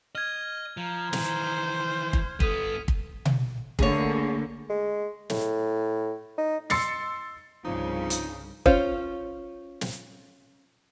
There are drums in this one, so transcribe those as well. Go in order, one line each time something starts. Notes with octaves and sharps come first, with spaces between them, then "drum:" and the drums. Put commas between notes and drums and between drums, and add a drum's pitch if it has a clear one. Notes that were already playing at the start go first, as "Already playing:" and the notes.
D#5 F6 G#6
F3 A#5
D#3 E3 C5, drum: snare
drum: kick
G2 B3 A4 D#6 B6 D#7, drum: kick
drum: kick
drum: tom B2
D3 A3 A#3 G#4 C#5, drum: kick
G#3
A2, drum: snare
D#4
C6 E6 A6 C7 C#7, drum: snare
C2 G2 C#3 F3 D#4
drum: hi-hat
C#4 F4 C5, drum: kick
drum: snare